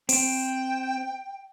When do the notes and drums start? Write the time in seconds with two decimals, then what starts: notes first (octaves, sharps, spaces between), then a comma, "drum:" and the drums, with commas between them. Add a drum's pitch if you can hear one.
0.09 C4 G5, drum: open hi-hat